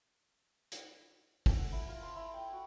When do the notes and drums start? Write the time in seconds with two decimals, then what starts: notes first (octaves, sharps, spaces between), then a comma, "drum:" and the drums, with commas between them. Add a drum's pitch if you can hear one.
0.72 drum: hi-hat
1.46 A4, drum: kick, open hi-hat
1.58 F#5
1.72 E4
1.88 F4
2.03 C6
2.16 E4
2.34 G5
2.52 F#4